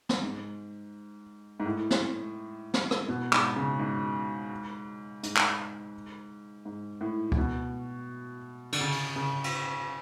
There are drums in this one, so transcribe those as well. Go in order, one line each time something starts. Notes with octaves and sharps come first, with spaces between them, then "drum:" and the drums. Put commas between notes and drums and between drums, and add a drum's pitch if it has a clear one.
drum: snare
G#2
G#2
A2
drum: snare
drum: snare
drum: rim click
B2
G#2, drum: clap
C#3
G#2
G#2, drum: hi-hat
drum: clap
G#2
A2
A2, drum: kick C#2
B2
D3, drum: cymbal
C#3
drum: open hi-hat
C#3
drum: cymbal